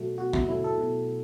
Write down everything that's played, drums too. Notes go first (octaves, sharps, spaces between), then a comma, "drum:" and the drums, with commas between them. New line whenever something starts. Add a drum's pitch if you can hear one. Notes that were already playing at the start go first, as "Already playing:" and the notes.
Already playing: B2 F#3 A3 F#4
B2 F#4
E4, drum: kick
F#3 A3 E4
A4
B2